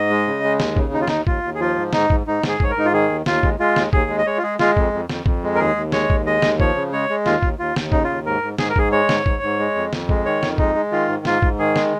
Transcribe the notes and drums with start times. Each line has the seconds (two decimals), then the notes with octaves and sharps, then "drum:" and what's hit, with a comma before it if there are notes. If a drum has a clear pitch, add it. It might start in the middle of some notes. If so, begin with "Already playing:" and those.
Already playing: G#2 D#5
0.10 G#3
0.27 C#3
0.44 G#3
0.60 D#2, drum: snare
0.76 C#3, drum: kick
0.93 D#2 D#4
1.01 F4
1.08 D#2 D#4, drum: snare
1.27 D#2 F4, drum: kick
1.43 D#2
1.55 G#4
1.60 F3 F4
1.76 G#2
1.93 G#2 D#4, drum: snare
2.10 G#2, drum: kick
2.27 G#2 D#4
2.43 G#2 G#4, drum: snare
2.60 G#2 C#5, drum: kick
2.70 A#4
2.76 G#2 D#4
2.85 F4
2.92 D#3 G#4
3.09 D#2
3.26 D#2 F4, drum: snare
3.43 G#3, drum: kick
3.59 G#3 F4
3.76 D#2, drum: snare
3.93 D#2 G#4, drum: kick
4.10 G#3
4.18 D#5
4.26 G#3 C#5
4.38 F4
4.43 G#3 G#4
4.59 G#3 F4, drum: snare
4.77 F2, drum: kick
4.93 F2
5.10 F2, drum: snare
5.26 F2, drum: kick
5.43 G#3
5.55 A#4
5.59 D#2 G#4
5.76 D#2
5.92 G#3 C#5, drum: snare
6.10 D#2, drum: kick
6.26 G#3 D#5
6.42 D#2, drum: snare
6.60 F3 C#5, drum: kick
6.76 C#3
6.92 G#3 C#5
7.09 G#3
7.26 D#2 F4, drum: snare
7.43 D#2, drum: kick
7.59 D#2 F4
7.76 D#2, drum: snare
7.92 C#3 D#4, drum: kick
8.04 F4
8.10 D#2
8.26 G#2 A#4
8.42 G#2
8.59 G#2 G#4, drum: snare
8.69 A#4
8.76 G#2 G#4, drum: kick
8.92 G#3 C#5
9.09 G#2, drum: snare
9.26 G#2, drum: kick
9.43 G#2
9.59 G#3
9.75 F2
9.93 F2, drum: snare
10.09 G#3, drum: kick
10.25 D#3 C#5
10.43 F2, drum: snare
10.58 G#3 D#4, drum: kick
10.75 G#3
10.92 D#3 F4
11.08 G#2
11.25 G#2 F4, drum: snare
11.42 G#2, drum: kick
11.59 D#3 G#4
11.76 G#3, drum: snare